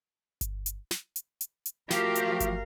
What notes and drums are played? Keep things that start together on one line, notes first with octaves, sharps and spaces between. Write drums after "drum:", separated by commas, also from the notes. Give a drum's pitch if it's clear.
drum: kick G1, hi-hat
drum: hi-hat
drum: snare
drum: hi-hat
drum: hi-hat
drum: hi-hat
F3 A3 F#4 G4 A#4 F5, drum: snare
drum: hi-hat
drum: kick G1, hi-hat